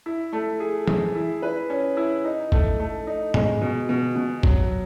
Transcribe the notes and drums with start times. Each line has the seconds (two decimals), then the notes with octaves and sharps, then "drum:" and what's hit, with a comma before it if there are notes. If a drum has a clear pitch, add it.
0.06 E4
0.33 A3
0.60 G#4
0.88 G#4, drum: tom
1.15 E4
1.42 B4
1.70 C#4
1.97 E4
2.25 D#4
2.52 A3, drum: kick
2.80 A3
3.07 D#4
3.34 G#3, drum: tom
3.62 B2
3.89 B2
4.16 B2
4.43 F#3, drum: kick